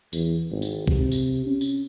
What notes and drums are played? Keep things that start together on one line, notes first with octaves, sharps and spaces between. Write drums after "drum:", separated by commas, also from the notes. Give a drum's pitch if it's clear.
E2, drum: tambourine
G#1
drum: tambourine
C3, drum: kick B1
drum: tambourine
C#4
drum: tambourine